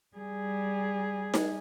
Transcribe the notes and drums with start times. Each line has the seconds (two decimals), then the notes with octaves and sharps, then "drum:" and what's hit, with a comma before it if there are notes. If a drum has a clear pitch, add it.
0.17 G3 G#4
1.34 drum: snare D#4